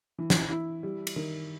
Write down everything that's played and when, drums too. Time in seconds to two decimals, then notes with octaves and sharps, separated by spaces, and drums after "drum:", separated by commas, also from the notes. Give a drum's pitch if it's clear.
0.19 E3
0.30 drum: snare
0.51 E4
0.83 G3
1.07 drum: cymbal
1.16 D#3